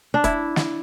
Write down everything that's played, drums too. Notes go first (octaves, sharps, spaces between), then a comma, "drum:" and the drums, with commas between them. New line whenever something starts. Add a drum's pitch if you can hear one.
D4
E4, drum: kick, hi-hat
drum: snare